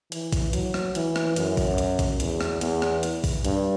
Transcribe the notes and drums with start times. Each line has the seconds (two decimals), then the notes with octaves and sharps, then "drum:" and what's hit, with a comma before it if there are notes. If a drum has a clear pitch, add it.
0.12 E3, drum: hi-hat
0.33 drum: kick, hi-hat
0.53 F#3, drum: hi-hat
0.74 drum: rim click
0.95 E3, drum: hi-hat
1.16 drum: rim click
1.36 F#2, drum: hi-hat
1.57 drum: kick, open hi-hat
1.78 drum: hi-hat
1.99 drum: kick, hi-hat
2.20 E2, drum: hi-hat
2.41 drum: rim click
2.61 E2, drum: hi-hat
2.82 drum: rim click
3.03 drum: hi-hat
3.24 drum: kick, open hi-hat
3.45 G2, drum: hi-hat